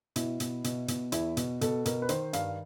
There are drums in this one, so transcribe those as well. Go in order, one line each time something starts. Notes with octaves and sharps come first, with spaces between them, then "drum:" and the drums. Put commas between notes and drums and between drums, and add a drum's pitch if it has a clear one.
B2 E4, drum: hi-hat
B2, drum: hi-hat
B2, drum: hi-hat
B2, drum: hi-hat
E2 E4, drum: hi-hat
B2, drum: hi-hat
B2 A4, drum: hi-hat
B2 A#4, drum: hi-hat
B4
D#3 C5, drum: hi-hat
G2 F5, drum: hi-hat